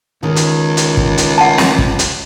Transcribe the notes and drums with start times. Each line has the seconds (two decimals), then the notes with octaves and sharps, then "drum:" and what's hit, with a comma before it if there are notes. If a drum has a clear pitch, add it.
0.23 C#2 D#3
0.36 drum: hi-hat
0.77 drum: hi-hat
0.97 drum: kick
1.18 drum: hi-hat
1.38 F#5 A5
1.58 drum: snare
1.78 drum: kick
1.99 drum: hi-hat